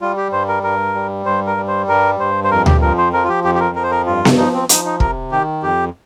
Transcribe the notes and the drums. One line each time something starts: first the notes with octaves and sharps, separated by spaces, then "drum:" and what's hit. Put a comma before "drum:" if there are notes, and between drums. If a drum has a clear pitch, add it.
G3 F4
G4
G2 C5
A#4
G2 A#4
G3
G2 C5
A#4
G3
C5
G2 A#4
G2 C5
C5
F2 A#4
G4, drum: tom D2
F3 A#4
C5
F3 A#4
F4
G4
F2 G4
G4
A#4
F3 A#4
C5
A#4
G2 F4
drum: snare B3
F3 D#4
C4
F3 D#4, drum: hi-hat
D#4
C3 A#4, drum: kick
D#3 G4
F2 G4